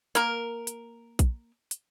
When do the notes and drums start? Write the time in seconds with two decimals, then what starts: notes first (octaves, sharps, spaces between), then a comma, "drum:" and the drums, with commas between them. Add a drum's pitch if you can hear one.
0.15 A#3 A#4, drum: hi-hat
0.67 drum: hi-hat
1.19 drum: kick A#1, hi-hat
1.71 drum: hi-hat